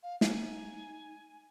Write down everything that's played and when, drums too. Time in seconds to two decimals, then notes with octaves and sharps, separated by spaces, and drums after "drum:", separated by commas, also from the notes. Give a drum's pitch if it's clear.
0.03 F5
0.21 D#4 G#5, drum: snare